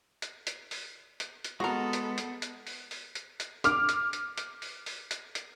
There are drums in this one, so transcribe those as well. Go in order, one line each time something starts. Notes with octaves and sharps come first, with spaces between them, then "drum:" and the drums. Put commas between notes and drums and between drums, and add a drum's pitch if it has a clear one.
drum: hi-hat
drum: hi-hat
drum: open hi-hat
drum: hi-hat
drum: hi-hat
G#3 B3 F#4 A4 A#4
drum: hi-hat
drum: hi-hat
drum: hi-hat
drum: open hi-hat
drum: open hi-hat
drum: hi-hat
drum: hi-hat
D6 F6, drum: hi-hat
drum: hi-hat
drum: hi-hat
drum: hi-hat
drum: open hi-hat
drum: open hi-hat
drum: hi-hat
drum: hi-hat